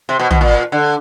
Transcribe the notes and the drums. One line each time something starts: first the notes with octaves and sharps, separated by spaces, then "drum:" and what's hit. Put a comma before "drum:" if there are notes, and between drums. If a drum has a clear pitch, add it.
C3
B2
B2, drum: tom
A#2
D3